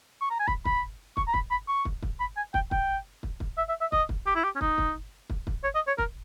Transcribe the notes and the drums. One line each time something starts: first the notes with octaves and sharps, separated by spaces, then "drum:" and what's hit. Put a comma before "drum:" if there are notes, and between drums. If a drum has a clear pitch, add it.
C#6
A#5
G#5
B5, drum: kick
B5, drum: kick
C#6, drum: kick
A#5
B5, drum: kick
B5
C#6
drum: kick
drum: kick
B5
G#5
G5, drum: kick
G5, drum: kick
drum: kick
drum: kick
E5
E5
E5
D#5, drum: kick
drum: kick
G4
E4
G4
C#4
D#4, drum: kick
drum: kick
drum: kick
drum: kick
C#5
D#5
C#5
A#4, drum: kick